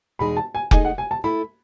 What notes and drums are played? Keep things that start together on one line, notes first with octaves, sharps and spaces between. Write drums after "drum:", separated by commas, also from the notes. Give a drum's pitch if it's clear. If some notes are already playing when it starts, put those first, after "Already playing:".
E2 B2 G#3 D#4 G#4 B5
A5
G#5
A3 D#4 G#4 D#5 G#5, drum: kick F1
F#5
G#5
A5
A3 E4 A4 B5